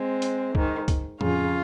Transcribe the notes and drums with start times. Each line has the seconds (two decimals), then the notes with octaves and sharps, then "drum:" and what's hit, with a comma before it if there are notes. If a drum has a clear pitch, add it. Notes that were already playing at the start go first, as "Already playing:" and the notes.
Already playing: G#3 C4
0.22 drum: hi-hat
0.55 G#2 D#3, drum: kick
0.88 drum: kick, hi-hat
1.21 F2 C#3 C#4 F4, drum: tom A2